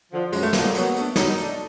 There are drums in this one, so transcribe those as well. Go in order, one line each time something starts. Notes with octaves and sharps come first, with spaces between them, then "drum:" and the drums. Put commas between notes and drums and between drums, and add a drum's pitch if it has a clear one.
D3 F3
F#2 G#3, drum: open hi-hat
A3
D3 F3 A#3, drum: snare
A#3
F#3 B3, drum: hi-hat
A3 D4, drum: hi-hat
F#3 D#4, drum: snare
A3 D4, drum: hi-hat